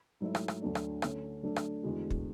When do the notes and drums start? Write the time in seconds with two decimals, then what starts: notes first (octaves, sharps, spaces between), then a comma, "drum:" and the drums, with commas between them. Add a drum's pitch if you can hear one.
0.21 G#2 F#3 A3 E4
0.35 drum: rim click
0.48 drum: rim click
0.61 D2 D3 F#3 A3 D4
0.75 drum: rim click
1.02 D3 A3 C#4, drum: rim click
1.43 D3 F#3 A3 D4
1.56 drum: rim click
1.83 E2 D3 G#3 B3 F#4
2.10 drum: kick